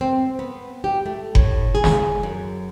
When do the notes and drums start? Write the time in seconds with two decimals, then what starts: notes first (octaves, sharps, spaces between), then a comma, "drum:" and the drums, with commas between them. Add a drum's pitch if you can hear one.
0.01 C4
0.39 B3
0.84 G4
1.06 A3
1.35 A2, drum: kick F#1
1.75 G#4
1.84 drum: snare
2.23 F#2